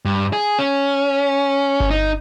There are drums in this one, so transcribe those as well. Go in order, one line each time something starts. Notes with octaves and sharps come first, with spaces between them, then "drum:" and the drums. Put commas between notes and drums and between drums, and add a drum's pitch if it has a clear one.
G2
G#4
C#4
drum: kick G1
D#4